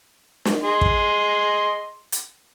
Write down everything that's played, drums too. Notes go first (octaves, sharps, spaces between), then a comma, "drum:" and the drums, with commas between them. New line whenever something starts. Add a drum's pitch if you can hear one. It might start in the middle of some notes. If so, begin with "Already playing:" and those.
drum: snare
G#4 D#5 C6
drum: kick
drum: hi-hat